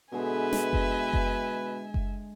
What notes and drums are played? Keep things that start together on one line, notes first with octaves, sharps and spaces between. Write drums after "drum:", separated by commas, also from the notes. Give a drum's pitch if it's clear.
B2 D3 G#3 B4 E5 G#5
drum: snare
drum: kick F#1
drum: kick F#1
drum: kick F#1